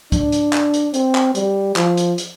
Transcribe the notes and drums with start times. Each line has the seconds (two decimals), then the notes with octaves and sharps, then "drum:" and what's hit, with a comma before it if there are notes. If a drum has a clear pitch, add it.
0.12 D4, drum: kick, hi-hat
0.32 drum: hi-hat
0.53 drum: clap
0.74 drum: hi-hat
0.94 C4, drum: hi-hat
1.15 drum: clap
1.35 G3, drum: hi-hat
1.76 F3, drum: clap
1.97 drum: hi-hat
2.18 drum: hi-hat